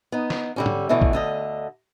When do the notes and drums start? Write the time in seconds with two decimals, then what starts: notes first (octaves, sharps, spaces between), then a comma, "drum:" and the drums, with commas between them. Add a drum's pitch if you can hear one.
0.12 B3 D#4
0.30 drum: snare
0.56 D3 G3 C#4
0.66 drum: tom G#2
0.89 B2 D3 E3 A3
1.02 drum: kick
1.13 D2 D3 D#5